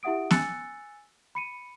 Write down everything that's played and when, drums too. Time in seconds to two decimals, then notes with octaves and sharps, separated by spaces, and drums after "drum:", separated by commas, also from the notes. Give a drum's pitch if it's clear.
0.03 E4 G4 E5 F#5 D#6 D7
0.31 G#5 E6 F#6 A6 C#7, drum: snare B3
1.35 B5 C#7 D#7